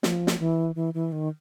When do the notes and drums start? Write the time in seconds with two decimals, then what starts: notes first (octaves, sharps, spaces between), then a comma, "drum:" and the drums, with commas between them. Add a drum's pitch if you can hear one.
0.03 F3, drum: snare
0.27 drum: snare
0.39 E3
0.75 E3
0.94 E3
1.12 D#3